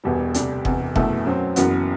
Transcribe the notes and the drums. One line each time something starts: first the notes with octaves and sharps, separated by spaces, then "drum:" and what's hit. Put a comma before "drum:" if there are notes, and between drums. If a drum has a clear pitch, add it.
E1 E2 B2 G3
D2 C3 G3 D4, drum: hi-hat
E1 E2 C3, drum: kick F#1
F#1 E2 B2 A3 E4, drum: kick F#1
F#2 F#3 C4
F#1 F#2 E3 B3 F#4, drum: hi-hat